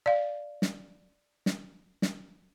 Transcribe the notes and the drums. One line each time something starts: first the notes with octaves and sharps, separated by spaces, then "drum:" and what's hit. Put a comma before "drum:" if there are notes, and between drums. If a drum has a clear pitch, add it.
D5 F5
drum: snare
drum: snare
drum: snare